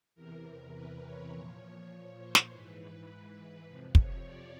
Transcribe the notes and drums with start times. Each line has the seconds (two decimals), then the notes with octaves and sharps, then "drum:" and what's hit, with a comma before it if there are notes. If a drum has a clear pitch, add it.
0.15 E2 C3 E3 A#4
0.73 B4
1.03 C#5
1.32 A#2 F3
1.90 C#5
2.20 C5
2.35 drum: snare
2.48 G#2 E3 B4
3.65 F2 C3 F3
3.95 C#5, drum: kick
4.24 D5